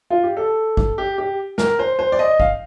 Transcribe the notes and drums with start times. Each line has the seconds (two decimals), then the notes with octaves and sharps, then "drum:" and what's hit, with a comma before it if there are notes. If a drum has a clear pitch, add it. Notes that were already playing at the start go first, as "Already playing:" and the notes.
0.10 F4
0.23 G4
0.37 A4
0.77 drum: kick
0.98 G4
1.18 G4
1.58 A#4, drum: snare
1.79 C5
1.99 C5
2.12 D5
2.19 D#5
2.40 F5, drum: kick